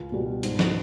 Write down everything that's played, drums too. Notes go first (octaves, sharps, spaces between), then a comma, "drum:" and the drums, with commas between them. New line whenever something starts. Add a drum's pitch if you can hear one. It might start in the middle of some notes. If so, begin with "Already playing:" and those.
Already playing: C#2
B2 G3
G#2, drum: hi-hat
drum: snare